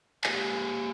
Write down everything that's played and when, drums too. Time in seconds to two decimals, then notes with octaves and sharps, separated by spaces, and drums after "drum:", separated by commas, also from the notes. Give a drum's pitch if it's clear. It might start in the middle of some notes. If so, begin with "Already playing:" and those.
0.24 A#3 G4 G#5, drum: clap